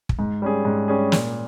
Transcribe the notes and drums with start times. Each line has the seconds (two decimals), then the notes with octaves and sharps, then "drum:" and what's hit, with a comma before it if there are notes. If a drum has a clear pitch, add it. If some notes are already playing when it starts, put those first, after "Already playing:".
0.09 drum: kick
0.19 G#2
0.42 G3 C#4 G#4
0.65 G#2
0.88 G3 C#4 G#4
1.12 A#2, drum: snare